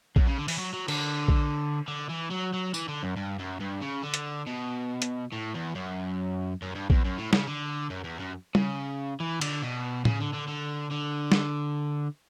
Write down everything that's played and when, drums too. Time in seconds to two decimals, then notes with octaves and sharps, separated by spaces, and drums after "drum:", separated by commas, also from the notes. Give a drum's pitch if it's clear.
0.16 F#2, drum: kick A#1
0.27 C#3
0.38 D3
0.48 E3, drum: open hi-hat
0.59 F#3
0.74 F#3
0.88 D3, drum: cymbal
1.28 drum: kick A#1
1.88 D3
2.09 E3
2.30 F#3
2.53 F#3
2.74 E3, drum: tambourine
2.88 D3
3.03 F#2
3.17 G2
3.39 F#2
3.61 G2
3.82 C#3
4.03 D3
4.14 drum: hi-hat
4.47 B2
5.02 drum: hi-hat
5.32 A2
5.54 E2
5.75 F#2
6.62 F#2
6.75 G2
6.90 E2, drum: kick A#1
7.05 F#2
7.18 A2
7.33 C#3, drum: snare
7.47 D3
7.90 F#2
8.04 E2
8.19 F#2
8.55 C#3, drum: tom G3
9.20 E3
9.41 D3, drum: cymbal
9.63 B2
10.05 C#3, drum: tom A2
10.20 D3
10.34 D3
10.48 D3
10.91 D3
11.32 drum: snare